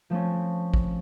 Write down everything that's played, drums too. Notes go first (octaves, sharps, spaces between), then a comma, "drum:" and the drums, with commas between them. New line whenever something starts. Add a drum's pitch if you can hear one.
F3 A3 C4 C#4
drum: kick